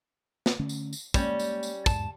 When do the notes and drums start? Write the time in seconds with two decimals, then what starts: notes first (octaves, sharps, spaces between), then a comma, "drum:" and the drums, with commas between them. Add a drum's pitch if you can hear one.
0.46 drum: snare
0.59 D3 A3 C#4
0.69 drum: tambourine
0.93 drum: tambourine
1.14 G3 G#3 A#3 C#4, drum: kick, tambourine
1.39 drum: tambourine
1.63 drum: tambourine
1.86 E2 G#2 A5, drum: kick, tambourine